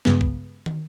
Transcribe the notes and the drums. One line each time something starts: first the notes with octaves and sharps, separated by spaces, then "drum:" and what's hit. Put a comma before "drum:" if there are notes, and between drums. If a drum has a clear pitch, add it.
G2 C#3 G#3 B3, drum: snare
drum: kick
drum: tom